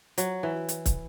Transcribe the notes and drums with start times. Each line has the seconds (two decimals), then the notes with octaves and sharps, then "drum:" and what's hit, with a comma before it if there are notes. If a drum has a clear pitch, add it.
0.18 F#3, drum: hi-hat
0.43 E3
0.69 drum: hi-hat
0.86 drum: kick, hi-hat